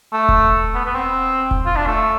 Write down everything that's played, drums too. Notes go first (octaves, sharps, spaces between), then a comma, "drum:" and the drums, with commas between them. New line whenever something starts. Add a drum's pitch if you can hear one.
A3
drum: kick E1
B3
B3
C4
drum: kick E1
F4
D4
A3